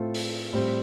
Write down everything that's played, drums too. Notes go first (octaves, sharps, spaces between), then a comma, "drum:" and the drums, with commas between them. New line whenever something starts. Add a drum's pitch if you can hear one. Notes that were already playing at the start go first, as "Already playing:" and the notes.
Already playing: A2 A3 C4 F4 A4
drum: open hi-hat
A2 G3 C4